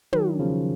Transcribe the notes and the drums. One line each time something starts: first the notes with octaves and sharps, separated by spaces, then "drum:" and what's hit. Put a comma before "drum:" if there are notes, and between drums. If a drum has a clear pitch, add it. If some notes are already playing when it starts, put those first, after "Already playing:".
D#3 F#3, drum: tom
C#3 F3